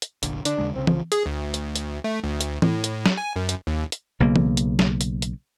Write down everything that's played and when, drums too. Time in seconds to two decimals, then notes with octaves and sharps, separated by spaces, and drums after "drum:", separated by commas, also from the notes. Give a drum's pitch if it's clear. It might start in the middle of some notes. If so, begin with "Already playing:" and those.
0.02 drum: hi-hat
0.23 F1 A#1 D3, drum: hi-hat
0.45 D3 D4, drum: hi-hat
0.58 D#2 C#3 G#3
0.75 C2 C#3 C4
0.87 F3, drum: tom E3
1.12 G#4, drum: hi-hat
1.26 D2
1.54 drum: hi-hat
1.76 drum: hi-hat
2.04 A3
2.24 D2
2.41 drum: hi-hat
2.62 A2, drum: tom E3
2.84 drum: hi-hat
3.06 drum: snare
3.17 G#5
3.36 F#2
3.49 drum: hi-hat
3.67 D#2
3.92 drum: hi-hat
4.20 B1 C#3 A#3
4.36 drum: tom E3
4.57 drum: hi-hat
4.79 drum: snare
5.01 drum: hi-hat
5.22 drum: hi-hat